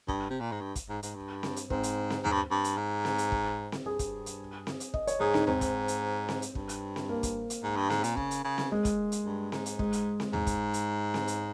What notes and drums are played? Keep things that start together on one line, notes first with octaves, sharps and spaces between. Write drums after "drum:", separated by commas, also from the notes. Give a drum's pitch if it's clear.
G2, drum: kick
C3
A#2
G#2
G2
drum: kick, hi-hat
G#2
G#2, drum: hi-hat
G2
drum: snare C4
drum: hi-hat
G#2 C4, drum: kick
drum: hi-hat
drum: snare C4
G#2, drum: tom D#2
G2
G2
drum: hi-hat
G#2
drum: snare C4
drum: hi-hat
drum: kick
drum: snare C4
G2 G#4
drum: kick, hi-hat
drum: hi-hat
drum: snare C4
drum: hi-hat
D#5, drum: kick
C#5, drum: hi-hat
G#2 G#4
D#4, drum: snare C4
G#2 C4, drum: tom D#2
drum: kick, hi-hat
drum: hi-hat
drum: snare C4
drum: hi-hat
G2, drum: kick
drum: hi-hat
drum: snare C4
A#3
drum: kick, hi-hat
drum: hi-hat
G#2
G2
G#2, drum: snare C4
A#2, drum: hi-hat
C#3, drum: kick
drum: hi-hat
C#3
drum: snare C4
G#3
drum: kick, hi-hat
drum: hi-hat
G2
G#2, drum: snare C4
drum: hi-hat
G#3, drum: kick
drum: hi-hat
drum: snare C4
G#2, drum: tom D#2
drum: kick, hi-hat
drum: hi-hat
drum: snare C4
drum: hi-hat